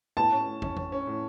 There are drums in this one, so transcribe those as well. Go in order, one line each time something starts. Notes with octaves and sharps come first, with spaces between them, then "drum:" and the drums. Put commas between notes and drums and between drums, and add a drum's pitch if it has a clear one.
A2 A5
C#4
A2
C#4, drum: kick
C#4, drum: kick
C#4
A2